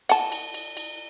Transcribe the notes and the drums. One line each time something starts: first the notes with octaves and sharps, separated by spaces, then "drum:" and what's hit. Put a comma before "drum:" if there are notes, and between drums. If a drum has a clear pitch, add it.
F#5 A5, drum: cymbal
drum: cymbal
drum: cymbal
drum: cymbal